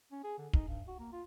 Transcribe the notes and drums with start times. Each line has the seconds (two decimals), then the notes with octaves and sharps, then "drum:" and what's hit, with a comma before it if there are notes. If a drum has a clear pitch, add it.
0.12 C#4
0.24 G#4
0.38 D3
0.53 D#4, drum: kick
0.68 G2
0.87 F#4
0.99 A#3
1.12 F4